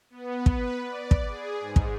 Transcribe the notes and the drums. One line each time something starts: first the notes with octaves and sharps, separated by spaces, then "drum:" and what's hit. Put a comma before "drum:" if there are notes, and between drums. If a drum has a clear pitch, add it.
B3
B4, drum: kick
D5
drum: kick
G#4
G#2
drum: kick